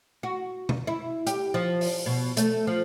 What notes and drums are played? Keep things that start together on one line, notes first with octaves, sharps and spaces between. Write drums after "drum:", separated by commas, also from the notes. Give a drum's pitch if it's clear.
F#4
drum: tom B2
E4
G4, drum: hi-hat
F3
drum: open hi-hat
B2
A3, drum: hi-hat
F3